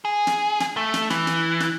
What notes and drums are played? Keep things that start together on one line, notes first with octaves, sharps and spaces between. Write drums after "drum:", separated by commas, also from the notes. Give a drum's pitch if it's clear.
G#4
drum: snare
drum: snare
A3
drum: snare
E3, drum: snare
drum: snare
drum: snare